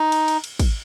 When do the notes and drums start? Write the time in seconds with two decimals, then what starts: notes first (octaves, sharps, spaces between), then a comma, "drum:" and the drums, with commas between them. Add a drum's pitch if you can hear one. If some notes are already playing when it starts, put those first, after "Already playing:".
Already playing: D#4
0.12 drum: cymbal
0.28 drum: cymbal
0.44 drum: cymbal
0.59 drum: kick, cymbal